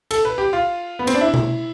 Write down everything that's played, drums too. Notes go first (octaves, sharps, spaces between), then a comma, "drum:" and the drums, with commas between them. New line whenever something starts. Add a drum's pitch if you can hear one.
A4, drum: cymbal
B4
G4
F4
B3
C4, drum: cymbal
D4
E4
drum: tom B2